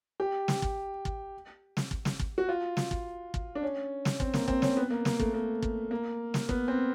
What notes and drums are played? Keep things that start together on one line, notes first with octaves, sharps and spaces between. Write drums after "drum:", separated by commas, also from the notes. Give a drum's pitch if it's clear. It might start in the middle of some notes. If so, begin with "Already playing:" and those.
G4
drum: snare
drum: kick
drum: kick
drum: snare
drum: kick
drum: snare
drum: kick
F#4
F4
drum: snare
drum: kick
drum: kick
D4
C#4
drum: snare
C4, drum: kick
A#3, drum: snare
C4, drum: kick
C#4, drum: snare
B3
A#3
A#3, drum: snare
A3, drum: kick
A#3
drum: kick
A#3
drum: snare
B3, drum: kick
C4